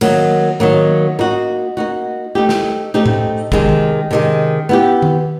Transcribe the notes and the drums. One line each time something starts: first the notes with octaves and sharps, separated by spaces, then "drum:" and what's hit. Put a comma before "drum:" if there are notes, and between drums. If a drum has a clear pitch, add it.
D#3 F#3 A#3, drum: cymbal
D#3 F#3 A#3
A#3 D#4 F#4
A#3 D#4 F#4
A3 C4 D#4 G4
drum: snare
A3 C4 D#4 G4
drum: tom A2
C3 D#3 G#3, drum: kick
drum: tom D#3
C3 D#3 G#3
B3 E4 G4
drum: tom D#3